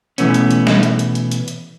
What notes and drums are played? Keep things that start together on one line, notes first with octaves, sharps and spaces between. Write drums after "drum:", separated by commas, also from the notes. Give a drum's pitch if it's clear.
B2 D3 E3 A3 B3 C#4, drum: hi-hat
drum: hi-hat
drum: hi-hat
drum: snare
drum: hi-hat
drum: hi-hat
drum: hi-hat
drum: hi-hat
drum: hi-hat